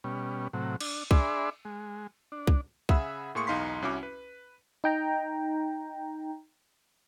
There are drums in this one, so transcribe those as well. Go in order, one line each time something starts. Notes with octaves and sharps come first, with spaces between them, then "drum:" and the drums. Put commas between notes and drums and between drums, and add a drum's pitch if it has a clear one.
B2 G3 C#4
A2 C3 F#3
D4, drum: cymbal
D4 G#4 D5 E5 B5 C6, drum: kick C2
G#3
D4
drum: kick C2
C#3 G#4 E5 F#5 B5 E6, drum: kick C2
A2 A#3 G#4 C6 C#6 C#7
B1 E2 D#4 F5 C6 B6
C2 C#4 E4 F#4 E5 D6
B4
D#4 G5 A#5